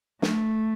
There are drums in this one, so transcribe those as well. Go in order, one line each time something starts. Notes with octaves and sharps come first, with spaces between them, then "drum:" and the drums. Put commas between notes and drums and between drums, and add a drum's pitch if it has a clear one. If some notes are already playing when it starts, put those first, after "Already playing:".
A3, drum: snare